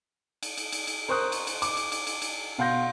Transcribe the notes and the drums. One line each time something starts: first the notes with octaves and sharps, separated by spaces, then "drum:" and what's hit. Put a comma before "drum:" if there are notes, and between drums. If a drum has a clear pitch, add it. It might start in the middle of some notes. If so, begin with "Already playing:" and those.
drum: cymbal
drum: cymbal
drum: cymbal
drum: cymbal
A#4 C5 C#6 D#6 F#6
drum: cymbal
drum: cymbal
D6, drum: cymbal
drum: cymbal
drum: cymbal
drum: cymbal
drum: cymbal
B2 F5 F#5 C6 G6 A#6